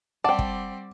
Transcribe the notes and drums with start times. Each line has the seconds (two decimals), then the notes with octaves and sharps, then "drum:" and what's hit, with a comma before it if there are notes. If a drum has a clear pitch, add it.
0.24 G3 C4 D5 F#5 G5 A5
0.39 drum: kick